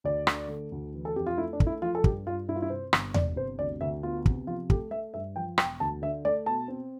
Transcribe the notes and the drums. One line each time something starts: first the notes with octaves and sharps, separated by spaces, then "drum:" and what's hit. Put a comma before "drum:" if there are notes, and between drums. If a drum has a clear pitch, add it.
D2 D5
D3, drum: rim click
A3
D2
E3
A4
F2 G4
F4
A3 E4
D4
A3, drum: kick
E4
F3 F4
A4
G2 G4, drum: kick
G2 F4
G2 E4
F4
E4
C3 C5
G1, drum: rim click
G1 D5, drum: tom E2
C3 C5
D2 D5
D2 E5
B3 F4
C3, drum: kick
F3 F4
A3 G4, drum: kick
A3 E5
G2 E5
F3 G5
E1 G5, drum: rim click
D2 A5
D3 E5
A3 D5
B2 A5
C4